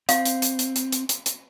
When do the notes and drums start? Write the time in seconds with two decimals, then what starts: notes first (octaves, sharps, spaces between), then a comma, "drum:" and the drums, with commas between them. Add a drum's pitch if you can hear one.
0.09 C4 F5, drum: hi-hat
0.25 drum: hi-hat
0.42 drum: hi-hat
0.59 drum: hi-hat
0.76 drum: hi-hat
0.92 drum: hi-hat
1.09 drum: hi-hat
1.26 drum: hi-hat